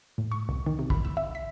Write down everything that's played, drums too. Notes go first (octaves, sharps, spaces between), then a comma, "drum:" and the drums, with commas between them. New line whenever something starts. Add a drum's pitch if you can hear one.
A2
C#6
C2
D#3
C3
B5, drum: kick
E6
E5
B6